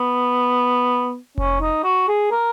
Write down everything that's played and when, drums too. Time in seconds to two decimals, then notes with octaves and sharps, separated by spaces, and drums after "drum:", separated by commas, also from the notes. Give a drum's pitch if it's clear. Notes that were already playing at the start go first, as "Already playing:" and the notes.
Already playing: B3
1.38 C#4, drum: kick F1
1.61 D#4
1.84 F#4
2.08 G#4
2.32 A#4